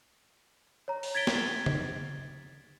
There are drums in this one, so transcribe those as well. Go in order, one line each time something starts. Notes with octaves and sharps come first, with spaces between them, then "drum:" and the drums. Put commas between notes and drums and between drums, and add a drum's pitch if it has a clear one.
C#5 A#5
drum: open hi-hat
G#6 A6 B6 D7 G7
drum: snare
drum: tom C#3